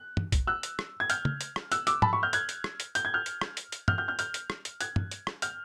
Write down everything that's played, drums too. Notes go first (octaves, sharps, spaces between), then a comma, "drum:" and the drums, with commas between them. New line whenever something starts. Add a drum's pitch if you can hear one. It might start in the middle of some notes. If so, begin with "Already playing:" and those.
Already playing: F#6
drum: tom
drum: kick, hi-hat
E6 F#6
drum: hi-hat
drum: rim click
G#6
F6 G6, drum: hi-hat
drum: tom
drum: hi-hat
drum: rim click
E6 F#6, drum: hi-hat
D6 E6, drum: hi-hat
A5 B5, drum: tom G#2
B5 C#6
F6 G6
F#6 G#6, drum: hi-hat
drum: hi-hat
drum: rim click
drum: hi-hat
G6, drum: hi-hat
G#6
F6 G6
drum: hi-hat
drum: rim click
drum: hi-hat
drum: hi-hat
F6 G6, drum: tom
F6 G6
F6 G6
F6 G6, drum: hi-hat
drum: hi-hat
drum: rim click
drum: hi-hat
F#6 G#6, drum: hi-hat
drum: tom
drum: hi-hat
drum: rim click
F6 G6, drum: hi-hat